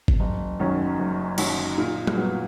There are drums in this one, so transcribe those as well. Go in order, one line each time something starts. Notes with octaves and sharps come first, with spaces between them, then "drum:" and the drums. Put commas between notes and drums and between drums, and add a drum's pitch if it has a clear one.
drum: kick
F#1
F#2 D#3 F#3 C#4
F#1
F#2 D#3 F#3 C#4, drum: cymbal
A#2
drum: tom G3
F#3 B3